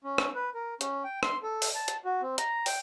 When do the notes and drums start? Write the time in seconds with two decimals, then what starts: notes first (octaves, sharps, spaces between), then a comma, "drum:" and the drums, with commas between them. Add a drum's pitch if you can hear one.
0.04 C#4
0.18 drum: rim click
0.35 B4
0.54 A#4
0.81 C#4, drum: hi-hat
1.04 G5
1.23 C6, drum: rim click
1.43 A4
1.62 drum: open hi-hat
1.75 A5
1.88 drum: hi-hat
2.05 F#4
2.22 C4
2.38 A#5, drum: hi-hat
2.66 G5, drum: open hi-hat